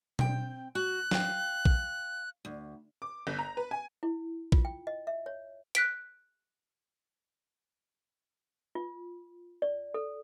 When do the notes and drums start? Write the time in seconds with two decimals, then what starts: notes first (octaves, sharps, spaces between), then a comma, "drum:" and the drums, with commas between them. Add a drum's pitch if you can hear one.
0.19 C4 G5, drum: tom B2
0.75 F#4 F#6
1.11 F5 G5, drum: snare
1.65 drum: kick A#1
2.45 D2
3.02 D6
3.27 G1
3.39 A#5
3.57 B4
3.71 G#5
4.03 E4
4.52 F4, drum: kick A#1
4.65 G5
4.87 D#5
5.07 E5
5.26 C#5
5.75 F#6 B6 D7, drum: hi-hat
8.75 F4
9.62 D5
9.94 A4